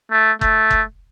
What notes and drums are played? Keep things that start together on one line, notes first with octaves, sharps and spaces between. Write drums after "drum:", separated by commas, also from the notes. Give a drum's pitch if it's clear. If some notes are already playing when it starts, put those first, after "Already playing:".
A3
A3, drum: kick F#1
drum: kick F#1